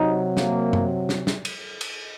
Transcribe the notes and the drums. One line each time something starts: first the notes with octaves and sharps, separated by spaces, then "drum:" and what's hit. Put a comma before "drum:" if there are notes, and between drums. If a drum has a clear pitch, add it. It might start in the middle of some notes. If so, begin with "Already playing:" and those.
Already playing: C3 F#3 D#4
A#3, drum: snare
drum: tom F#2
drum: snare
drum: snare
drum: cymbal
drum: cymbal